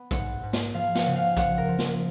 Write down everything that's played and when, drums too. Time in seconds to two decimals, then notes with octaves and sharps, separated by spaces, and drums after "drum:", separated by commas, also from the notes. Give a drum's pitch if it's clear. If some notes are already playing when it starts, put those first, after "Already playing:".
Already playing: B3
0.11 G#2 F#5, drum: kick A#1, hi-hat
0.43 G#2
0.53 drum: snare
0.74 F3 F5
0.95 F#5, drum: snare
1.06 C#3
1.16 F5
1.37 F3 F#5, drum: kick A#1, hi-hat
1.58 A#4
1.68 F3
1.79 drum: snare